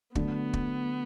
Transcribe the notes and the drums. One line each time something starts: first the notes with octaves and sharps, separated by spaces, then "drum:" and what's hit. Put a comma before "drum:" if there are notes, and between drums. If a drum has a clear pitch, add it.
D3 F#3 A3 B3 D4, drum: kick
drum: kick